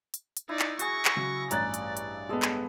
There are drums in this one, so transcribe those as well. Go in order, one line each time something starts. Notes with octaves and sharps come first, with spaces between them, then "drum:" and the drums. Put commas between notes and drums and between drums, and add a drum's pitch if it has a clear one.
drum: hi-hat
drum: hi-hat
D#4 E4 D5
drum: clap
F#4 G#4 C#6 A#6, drum: hi-hat
drum: clap
C#3 F#3 E6
A1 G2 C#5 D5 A#5 F#6 A6, drum: hi-hat
drum: hi-hat
drum: hi-hat
G#3 B3 A4 D#5
drum: clap